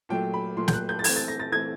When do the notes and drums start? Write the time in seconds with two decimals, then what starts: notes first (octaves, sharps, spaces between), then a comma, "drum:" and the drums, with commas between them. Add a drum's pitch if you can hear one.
0.09 A#2 F#3 A3 G5
0.34 B5
0.57 A#2 F#3 A3 C6
0.68 G6, drum: snare
0.73 F#6
0.89 G6
0.99 A6
1.04 E3 A3 C4 G#6, drum: open hi-hat
1.16 A6
1.28 A#6
1.40 A6
1.51 E3 A3 C4 G#6